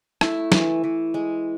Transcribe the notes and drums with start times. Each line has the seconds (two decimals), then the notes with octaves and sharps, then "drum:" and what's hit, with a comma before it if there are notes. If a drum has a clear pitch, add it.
0.21 A3 E4, drum: rim click
0.52 E3, drum: snare
0.84 E3
1.14 G#3